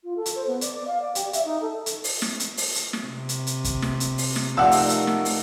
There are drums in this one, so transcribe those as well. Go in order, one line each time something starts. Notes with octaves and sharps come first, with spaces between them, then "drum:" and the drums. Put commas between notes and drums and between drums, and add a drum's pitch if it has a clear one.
F4
A4
drum: hi-hat
C5
B3
D5, drum: hi-hat
D5
F5
D5
G4, drum: hi-hat
E5, drum: hi-hat
D#4
A4
drum: hi-hat
drum: open hi-hat
drum: snare
drum: hi-hat
drum: open hi-hat
drum: hi-hat
drum: snare
C3
drum: hi-hat
drum: hi-hat
drum: kick, hi-hat
drum: snare
drum: hi-hat
drum: open hi-hat
drum: snare
C3 F3 A3 D#4 A#4 D5 F#5 E6
drum: open hi-hat
drum: hi-hat
drum: snare
drum: open hi-hat